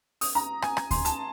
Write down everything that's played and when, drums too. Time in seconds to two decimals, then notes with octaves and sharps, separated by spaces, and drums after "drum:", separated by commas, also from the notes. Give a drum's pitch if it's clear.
0.21 D#6, drum: open hi-hat
0.35 A#5
0.62 G#5, drum: rim click
0.77 drum: rim click
0.91 C6, drum: kick D2, open hi-hat
1.05 A5, drum: hi-hat